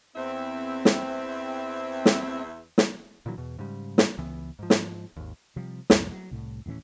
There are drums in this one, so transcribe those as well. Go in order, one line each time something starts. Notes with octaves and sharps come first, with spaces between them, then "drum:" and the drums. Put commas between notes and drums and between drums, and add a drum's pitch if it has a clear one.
E2 C4 E5
drum: snare
drum: snare
drum: snare
A#2 D3 E3 F#3
E2 B2
G#2 C#3 G3
drum: snare
C#2 E3 B3
G#2 F3
drum: snare
G#1 D#2
C3 F3 G3
C2 F2 G#2, drum: snare
F#3
C2 A2
D#1 A2 E3 C#4